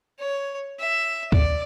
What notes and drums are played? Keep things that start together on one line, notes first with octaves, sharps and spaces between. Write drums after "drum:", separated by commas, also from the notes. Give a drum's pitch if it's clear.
C#5
E5
D5, drum: kick